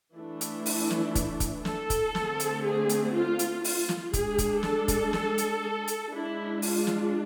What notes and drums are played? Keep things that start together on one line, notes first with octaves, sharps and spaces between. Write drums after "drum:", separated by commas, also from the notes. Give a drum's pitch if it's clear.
E3 A3 D4 E4
drum: hi-hat
drum: open hi-hat
drum: snare
drum: kick, hi-hat
drum: kick, hi-hat
A4, drum: snare
drum: kick, hi-hat
D3 A3 C4, drum: snare
drum: hi-hat
G#4
drum: hi-hat
F4
drum: hi-hat
F4, drum: open hi-hat
drum: snare
G#3 D4 G#4, drum: kick, hi-hat
drum: kick, hi-hat
A4, drum: snare
drum: kick, hi-hat
drum: snare
drum: hi-hat
drum: hi-hat
G#3 E4
D4
F4, drum: open hi-hat
drum: snare